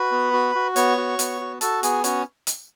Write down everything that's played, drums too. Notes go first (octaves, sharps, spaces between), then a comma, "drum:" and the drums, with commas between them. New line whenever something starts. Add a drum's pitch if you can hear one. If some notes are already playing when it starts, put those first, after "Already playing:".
Already playing: F#4 B4 B5
B3
F#4
F#4
B3 C#5 C#6, drum: hi-hat
F#4
B3, drum: hi-hat
F#4
F#4 A4 A5, drum: hi-hat
B3 G#4 G#5, drum: hi-hat
C#4 F#4 C#5, drum: hi-hat
drum: hi-hat